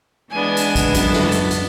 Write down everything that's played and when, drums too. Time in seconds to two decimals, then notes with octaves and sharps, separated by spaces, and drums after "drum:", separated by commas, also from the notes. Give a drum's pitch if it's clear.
0.31 E3 G#3 B3 D4 G#5
0.57 drum: hi-hat
0.75 drum: kick, hi-hat
0.94 F#2 B3 A4, drum: hi-hat
1.13 drum: snare
1.32 drum: hi-hat
1.51 drum: hi-hat